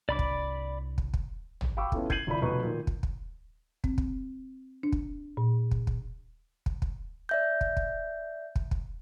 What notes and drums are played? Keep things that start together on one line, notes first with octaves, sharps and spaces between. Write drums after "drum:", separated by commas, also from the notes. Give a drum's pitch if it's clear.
C2 D4 D5 B5 D6
drum: kick
drum: kick
drum: kick
drum: tom
F5 G5 B5 C#6 D6 E6
B3 C#4 E4 F4 A4, drum: kick
G6 G#6 C7 D#7 F#7, drum: kick
G#1 C#2 E4 D5 B5
F1 B1 B4 A#5 C#6
A#2 D#3
drum: kick
drum: kick
C4, drum: kick
drum: kick
D4
drum: kick
A#2
drum: kick
drum: kick
drum: kick
drum: kick
D5 E5 G6
drum: kick
drum: kick
drum: kick
drum: kick